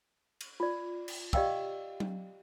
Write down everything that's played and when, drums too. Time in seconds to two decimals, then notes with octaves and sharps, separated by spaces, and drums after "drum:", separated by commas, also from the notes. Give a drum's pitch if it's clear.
0.41 drum: cymbal
0.60 F4 D5
1.08 drum: cymbal
1.33 G4 D5 D#5 F5 G5 E6, drum: kick
2.00 drum: tom F#3